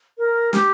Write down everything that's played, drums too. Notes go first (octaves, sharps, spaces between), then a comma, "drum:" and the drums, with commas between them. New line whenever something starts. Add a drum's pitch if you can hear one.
A#4
G4, drum: snare